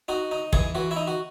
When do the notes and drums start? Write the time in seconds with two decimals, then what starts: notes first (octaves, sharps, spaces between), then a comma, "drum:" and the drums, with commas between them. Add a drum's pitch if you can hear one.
0.08 D#4 F#4
0.31 D#4
0.53 E3 G#4, drum: kick
0.75 E3 F#4
0.91 E4
0.96 D#4
1.07 F#4